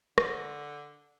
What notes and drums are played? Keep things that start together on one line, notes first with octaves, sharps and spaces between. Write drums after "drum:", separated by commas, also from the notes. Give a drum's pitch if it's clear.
D3, drum: rim click